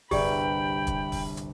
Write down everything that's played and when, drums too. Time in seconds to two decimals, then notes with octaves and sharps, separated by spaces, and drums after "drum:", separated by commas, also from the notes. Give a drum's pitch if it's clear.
0.11 G1 C2 G4 G#4 D5 G5 B5, drum: kick, open hi-hat
0.87 drum: kick, hi-hat
1.12 drum: kick, open hi-hat
1.37 drum: hi-hat